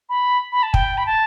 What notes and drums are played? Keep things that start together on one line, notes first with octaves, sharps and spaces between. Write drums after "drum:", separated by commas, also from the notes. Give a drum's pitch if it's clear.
B5
B5
A5
G5, drum: kick
B5
A5